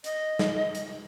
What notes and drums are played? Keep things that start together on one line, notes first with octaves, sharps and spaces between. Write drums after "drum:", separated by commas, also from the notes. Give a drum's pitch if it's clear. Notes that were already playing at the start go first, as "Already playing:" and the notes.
D#5, drum: hi-hat
drum: snare
drum: hi-hat